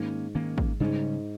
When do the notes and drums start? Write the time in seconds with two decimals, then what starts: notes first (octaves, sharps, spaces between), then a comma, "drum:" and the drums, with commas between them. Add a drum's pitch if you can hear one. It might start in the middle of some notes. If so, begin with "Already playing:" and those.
Already playing: G#2 D#3 A#3 C#4
0.35 D#3 A#3 C#4
0.58 drum: kick
0.80 G#2 C#3 G3 C#4